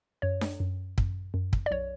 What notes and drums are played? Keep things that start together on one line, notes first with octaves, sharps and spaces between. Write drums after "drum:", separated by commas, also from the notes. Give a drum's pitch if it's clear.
F#2 C#5
drum: snare D4
F#2
F#2, drum: kick
F#2
drum: kick
D5
B1 C#5